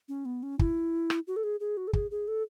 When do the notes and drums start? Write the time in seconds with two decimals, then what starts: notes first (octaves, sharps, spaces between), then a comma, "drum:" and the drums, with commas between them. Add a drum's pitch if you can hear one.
0.09 C#4
0.25 B3
0.43 C#4
0.59 E4, drum: kick
1.10 drum: rim click
1.27 F#4
1.36 A4
1.44 G#4
1.60 G#4
1.77 F#4
1.88 A4
1.93 G#4, drum: kick
2.11 G#4
2.28 A4